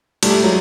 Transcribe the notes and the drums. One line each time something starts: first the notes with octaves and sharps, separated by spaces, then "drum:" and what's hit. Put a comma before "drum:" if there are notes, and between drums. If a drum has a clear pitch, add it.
G3 A3, drum: cymbal
F#3 G#3